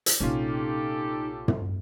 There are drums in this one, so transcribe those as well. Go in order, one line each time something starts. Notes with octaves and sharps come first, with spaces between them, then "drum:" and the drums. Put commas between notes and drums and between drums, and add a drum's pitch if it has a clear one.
drum: hi-hat
A#1 C3 C#4 D#4 F4 G4 A4
drum: tom